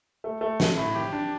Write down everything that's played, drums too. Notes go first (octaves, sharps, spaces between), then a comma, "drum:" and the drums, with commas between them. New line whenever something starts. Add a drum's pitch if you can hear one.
A3
A3
A3, drum: snare
A2
G4
D4